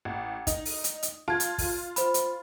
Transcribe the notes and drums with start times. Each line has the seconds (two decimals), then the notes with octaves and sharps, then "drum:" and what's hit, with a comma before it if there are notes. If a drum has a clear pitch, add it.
0.05 A1
0.47 D#4, drum: kick, hi-hat
0.65 drum: open hi-hat
0.84 drum: hi-hat
1.03 drum: hi-hat
1.28 F4 A5 G#6
1.40 drum: hi-hat
1.58 drum: kick, open hi-hat
1.96 C5 B5, drum: hi-hat
2.14 drum: hi-hat